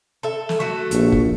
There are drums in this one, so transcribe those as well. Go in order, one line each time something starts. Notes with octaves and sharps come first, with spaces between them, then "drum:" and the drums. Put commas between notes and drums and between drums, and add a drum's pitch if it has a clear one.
A4 E5
drum: snare
A3 F#4
A#1, drum: hi-hat
drum: kick F1